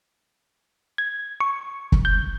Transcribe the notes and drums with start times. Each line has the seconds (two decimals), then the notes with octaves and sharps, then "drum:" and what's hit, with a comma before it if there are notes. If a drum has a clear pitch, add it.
0.98 G#6
1.41 C#6
1.92 drum: kick
2.05 G6